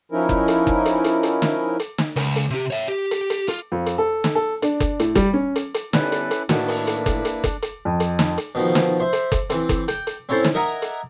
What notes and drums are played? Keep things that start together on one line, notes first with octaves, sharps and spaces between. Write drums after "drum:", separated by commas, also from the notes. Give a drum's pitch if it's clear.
F3 C#4 D#4 E4 A#4
drum: kick F#1
drum: hi-hat
drum: kick F#1
drum: hi-hat
drum: hi-hat
drum: hi-hat
drum: snare
drum: hi-hat
drum: snare
C#2, drum: open hi-hat
drum: hi-hat
C3 G4
C#5 E5
G4
drum: hi-hat
drum: hi-hat
F4, drum: hi-hat
F2
drum: hi-hat
A4
drum: snare
A4
D4, drum: hi-hat
drum: kick F#1, hi-hat
A2, drum: hi-hat
G3, drum: kick F#1, hi-hat
C#4
drum: hi-hat
drum: hi-hat
D3 G3 B3 C#4 E4 A4 B4, drum: snare
drum: hi-hat
drum: hi-hat
A2 D#3 A#3 D4 E4 F#4 B4, drum: snare
drum: open hi-hat
drum: hi-hat
drum: kick F#1, hi-hat
drum: hi-hat
drum: kick F#1, hi-hat
drum: hi-hat
F2
drum: hi-hat
drum: snare
drum: hi-hat
B2 D#3 F3
drum: snare
C5 E5
drum: hi-hat
drum: kick F#1, hi-hat
E3 C4, drum: hi-hat
drum: kick F#1, hi-hat
G5, drum: hi-hat
drum: hi-hat
C4 C#4 E4 A4 C5
drum: snare
A#4 D#5 E5 F#5 G#5 A#5
drum: hi-hat